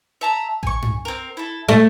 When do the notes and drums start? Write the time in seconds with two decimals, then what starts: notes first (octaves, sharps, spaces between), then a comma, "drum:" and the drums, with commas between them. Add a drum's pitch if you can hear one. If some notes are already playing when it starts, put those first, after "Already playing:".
0.21 E5 A5 A#5
0.63 G#5 C#6, drum: kick A1
0.82 drum: tom G2
1.05 C4 A#4
1.37 E4 A4
1.69 A3 D#5